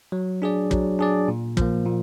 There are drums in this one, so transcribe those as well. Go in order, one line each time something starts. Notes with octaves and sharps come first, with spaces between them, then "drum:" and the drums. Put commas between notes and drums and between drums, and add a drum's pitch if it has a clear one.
F#3
D4 G#4 D5
F#3, drum: kick
D4 G#4 D5
A#2
F3 A#3, drum: kick
A#2